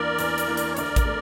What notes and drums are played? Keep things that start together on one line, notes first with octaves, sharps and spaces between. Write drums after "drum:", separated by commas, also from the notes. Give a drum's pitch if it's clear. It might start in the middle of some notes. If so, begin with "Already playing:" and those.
Already playing: E2 E3 A#3 D4 A#4 D5
E2, drum: hi-hat
drum: hi-hat
E3 A#3 D4
drum: hi-hat
C#5
D2 A#4 D5, drum: hi-hat
drum: kick A1, hi-hat
A3